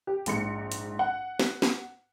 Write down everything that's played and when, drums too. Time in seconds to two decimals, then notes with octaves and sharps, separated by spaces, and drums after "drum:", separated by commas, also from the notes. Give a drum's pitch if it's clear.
0.07 G4
0.26 A#1 G#2 C#7, drum: hi-hat
0.72 drum: hi-hat
0.99 F#5
1.40 drum: snare
1.62 drum: snare